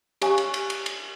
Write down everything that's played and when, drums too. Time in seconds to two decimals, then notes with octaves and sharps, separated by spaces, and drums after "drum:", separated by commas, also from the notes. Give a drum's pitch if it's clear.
0.22 G4 C#5 F5 G#5 C#6 D#6, drum: cymbal
0.38 drum: cymbal
0.54 drum: cymbal
0.70 drum: cymbal
0.86 drum: cymbal